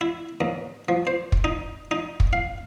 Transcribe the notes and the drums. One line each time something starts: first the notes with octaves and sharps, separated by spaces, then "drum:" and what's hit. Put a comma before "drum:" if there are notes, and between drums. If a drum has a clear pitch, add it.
E4
D#2
F3
C5
drum: kick
D#4
D#4
drum: kick
F5